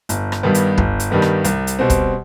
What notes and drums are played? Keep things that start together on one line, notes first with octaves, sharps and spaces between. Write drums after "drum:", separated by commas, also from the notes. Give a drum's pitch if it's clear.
G1, drum: hi-hat
drum: rim click
G2 D#3 G3 B3
drum: hi-hat
G1, drum: kick
drum: hi-hat
G2 D#3 G3 B3
drum: rim click
C2, drum: hi-hat
drum: hi-hat
B2 G3 C4
drum: kick, hi-hat